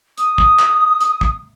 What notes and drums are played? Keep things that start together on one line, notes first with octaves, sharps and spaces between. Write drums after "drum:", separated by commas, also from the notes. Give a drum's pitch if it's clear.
D#6, drum: hi-hat
drum: kick
drum: clap
drum: hi-hat
drum: kick